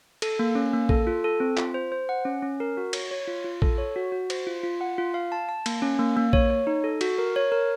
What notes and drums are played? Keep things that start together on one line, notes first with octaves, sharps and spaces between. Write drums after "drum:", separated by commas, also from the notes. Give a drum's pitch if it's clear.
A4, drum: cymbal
A#3
C#4
A#3
A4, drum: kick A#1
F4
A4
C4
F4, drum: clap
C5
C5
F#5
C#4
C#4
A#4
F#4
C#5, drum: cymbal
C#5
F4
F4
A4, drum: kick A#1
C#5
F#4
F#4
C5, drum: cymbal
F4
F4
F#5
F4
F5
A5
A5
A#3, drum: cymbal
C#4
A#3
A#3
C#5, drum: kick A#1
C#5
D#4
A4
F#4, drum: cymbal
A#4
C#5
A#4